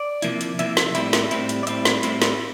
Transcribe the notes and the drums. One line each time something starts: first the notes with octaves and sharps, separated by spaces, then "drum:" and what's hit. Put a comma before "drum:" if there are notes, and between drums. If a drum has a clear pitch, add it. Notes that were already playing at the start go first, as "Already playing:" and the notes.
Already playing: D5
C3 F3 A#3 E4, drum: hi-hat
drum: hi-hat
C3 F3 A#3 E4 E5, drum: hi-hat
drum: snare
A2 G3 C4 E4 E5, drum: hi-hat
drum: snare
A2 G3 C4 E4, drum: hi-hat
drum: hi-hat
D5
A2 G3 C4 E4 E5, drum: hi-hat
drum: snare
A2 G3 C4 E4, drum: hi-hat
drum: snare